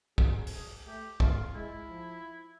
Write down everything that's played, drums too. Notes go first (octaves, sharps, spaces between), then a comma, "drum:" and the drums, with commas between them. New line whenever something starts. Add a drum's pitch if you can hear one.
F#3 G#4, drum: kick
drum: open hi-hat
A3 G4
A3 F4, drum: kick
G#3 E4
F3